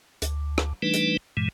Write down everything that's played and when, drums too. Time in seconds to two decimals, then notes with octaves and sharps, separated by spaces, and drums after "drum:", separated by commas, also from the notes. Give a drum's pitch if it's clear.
0.22 D2, drum: hi-hat
0.58 drum: rim click
0.82 E3 G3 A3 D4 D#4 B4
0.94 drum: hi-hat
1.37 G2 A#2 E3 G#3